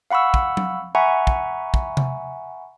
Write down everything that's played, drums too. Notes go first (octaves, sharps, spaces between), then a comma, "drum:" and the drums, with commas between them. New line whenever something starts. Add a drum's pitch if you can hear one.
F5 F#5 B5 C#6 E6
drum: kick
drum: tom F#3
E5 F#5 G#5 A#5 B5 C#6
drum: kick
drum: kick
drum: tom C3